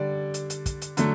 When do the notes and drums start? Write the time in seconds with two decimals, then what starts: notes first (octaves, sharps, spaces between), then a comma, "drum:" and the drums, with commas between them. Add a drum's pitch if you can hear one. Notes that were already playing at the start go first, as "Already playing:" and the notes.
Already playing: D3 G3 D5
0.34 drum: hi-hat
0.50 drum: hi-hat
0.66 drum: kick, hi-hat
0.82 drum: hi-hat
0.97 D3 F#3 A3, drum: hi-hat